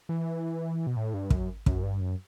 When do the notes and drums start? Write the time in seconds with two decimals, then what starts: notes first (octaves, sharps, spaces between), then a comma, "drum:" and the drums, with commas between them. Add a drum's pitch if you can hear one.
0.09 E3
0.87 B2
0.97 A2
1.14 G2
1.30 F#2, drum: kick
1.66 F#2, drum: kick
1.83 G2
2.01 F#2